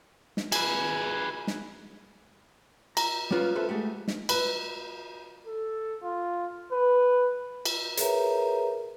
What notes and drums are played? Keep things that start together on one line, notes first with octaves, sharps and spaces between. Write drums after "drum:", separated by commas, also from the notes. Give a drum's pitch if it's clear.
drum: snare
G#4 B4, drum: cymbal
drum: snare
A#5, drum: cymbal
G3 B3 C#4 F4 B4 F5
A4 B4 C5 E5
G#3 A3 G4 F#5
drum: snare
B4, drum: cymbal
A4
F4
B4
drum: cymbal
G#4 A#4 B4 C#5 E5 A#5, drum: hi-hat